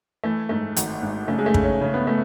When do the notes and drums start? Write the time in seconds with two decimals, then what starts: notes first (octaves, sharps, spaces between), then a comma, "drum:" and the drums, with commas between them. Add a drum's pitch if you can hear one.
0.24 E3 A3
0.49 G#2 A3
0.76 G#1, drum: hi-hat
1.02 G#2
1.28 C#3 A3
1.39 G#3
1.46 A3
1.54 C#3, drum: kick
1.64 C#4
1.81 C#3 C#4
1.94 B3
2.07 A3